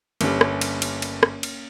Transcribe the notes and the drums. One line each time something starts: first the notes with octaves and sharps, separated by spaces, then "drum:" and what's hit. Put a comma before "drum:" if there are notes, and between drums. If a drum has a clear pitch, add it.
G1 G3 A#3 C#4, drum: cymbal
drum: rim click
drum: cymbal
drum: cymbal
drum: cymbal
drum: rim click
drum: cymbal